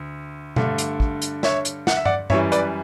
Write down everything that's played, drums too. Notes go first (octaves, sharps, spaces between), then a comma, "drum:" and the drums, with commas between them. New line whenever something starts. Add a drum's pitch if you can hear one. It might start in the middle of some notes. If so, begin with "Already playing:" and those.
Already playing: D2
G2 D3 A3, drum: tom B2
drum: hi-hat
drum: kick
drum: hi-hat
C#5 E5, drum: snare
drum: hi-hat
F#5, drum: snare
E5
D5 F#5, drum: tom G2
F#2 E3 G3 C#5 E5, drum: tom G2
B4 D5, drum: hi-hat